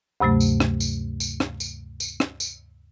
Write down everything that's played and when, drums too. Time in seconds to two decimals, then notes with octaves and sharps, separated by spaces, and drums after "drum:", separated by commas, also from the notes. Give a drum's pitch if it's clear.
0.20 D2 G2 C3 F#3 A3
0.40 drum: tambourine
0.60 drum: rim click
0.80 drum: tambourine
1.20 drum: tambourine
1.40 drum: rim click
1.60 drum: tambourine
2.00 drum: tambourine
2.20 drum: rim click
2.40 drum: tambourine